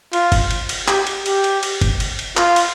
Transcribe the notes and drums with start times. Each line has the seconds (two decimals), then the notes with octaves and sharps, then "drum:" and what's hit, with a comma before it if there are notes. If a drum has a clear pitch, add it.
0.13 F4, drum: cymbal
0.32 drum: kick, cymbal
0.51 drum: cymbal
0.69 drum: cymbal
0.88 G4, drum: clap
1.07 drum: cymbal
1.26 G4, drum: cymbal
1.44 drum: cymbal
1.63 drum: cymbal
1.81 drum: kick, cymbal
2.00 drum: cymbal
2.19 drum: cymbal
2.37 F4, drum: clap
2.56 drum: cymbal